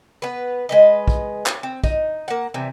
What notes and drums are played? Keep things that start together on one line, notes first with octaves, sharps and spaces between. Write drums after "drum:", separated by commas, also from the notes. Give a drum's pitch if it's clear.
B3 B4
G#3 B4 D#5
drum: kick
drum: clap
C4
D#4, drum: kick
A#3 F#5
C3 E3 G3